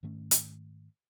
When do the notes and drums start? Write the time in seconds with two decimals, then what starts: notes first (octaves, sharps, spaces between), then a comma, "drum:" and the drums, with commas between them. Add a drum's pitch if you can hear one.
0.03 G#2 D#3 A3 C#4
0.31 drum: hi-hat